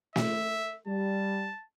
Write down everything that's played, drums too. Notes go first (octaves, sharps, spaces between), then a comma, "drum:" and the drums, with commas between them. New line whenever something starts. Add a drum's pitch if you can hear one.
E5, drum: snare
G3 A5